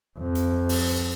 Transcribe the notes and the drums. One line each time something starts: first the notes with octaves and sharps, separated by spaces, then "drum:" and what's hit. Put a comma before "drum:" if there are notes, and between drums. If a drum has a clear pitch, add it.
F2
drum: hi-hat
drum: open hi-hat